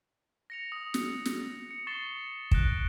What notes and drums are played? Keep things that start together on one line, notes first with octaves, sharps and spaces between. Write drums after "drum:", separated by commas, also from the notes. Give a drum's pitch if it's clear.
A#6 C#7 F7
D#6
drum: snare
drum: snare
C#7
C#6 A6 C7 E7 G7
F#6 A#6 D7 E7, drum: kick